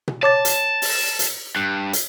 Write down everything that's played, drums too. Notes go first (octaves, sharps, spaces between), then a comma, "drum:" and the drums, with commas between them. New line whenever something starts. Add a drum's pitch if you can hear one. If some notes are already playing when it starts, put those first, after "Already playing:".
drum: tom B2
C#5 A5 D6 A6
drum: hi-hat
drum: open hi-hat
drum: hi-hat
G2
drum: hi-hat